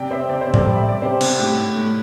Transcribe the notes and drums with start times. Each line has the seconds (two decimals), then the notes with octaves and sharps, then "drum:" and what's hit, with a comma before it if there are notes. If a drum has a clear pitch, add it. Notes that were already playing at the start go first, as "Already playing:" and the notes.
Already playing: C3 D5 G5
0.10 C4 C5 E5
0.29 C3 D5
0.41 C5
0.47 C3
0.54 A4 D5, drum: tom A2
0.66 G3
0.75 E5
0.84 G3 D5
1.02 C3 G4 C5
1.21 C3, drum: cymbal
1.39 A2 G4
1.58 A2
1.76 A2